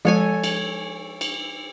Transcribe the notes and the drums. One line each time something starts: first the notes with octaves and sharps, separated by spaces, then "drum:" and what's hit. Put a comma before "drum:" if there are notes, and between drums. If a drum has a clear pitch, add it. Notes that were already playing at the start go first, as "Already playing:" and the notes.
F3 G#3 A4 C#5 G#5
drum: cymbal
drum: cymbal